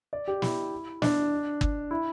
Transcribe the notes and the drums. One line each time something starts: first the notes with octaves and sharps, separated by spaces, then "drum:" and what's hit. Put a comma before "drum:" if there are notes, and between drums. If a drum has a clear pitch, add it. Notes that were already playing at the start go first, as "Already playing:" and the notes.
D5
G4
E4, drum: snare
D4, drum: snare
drum: kick
E4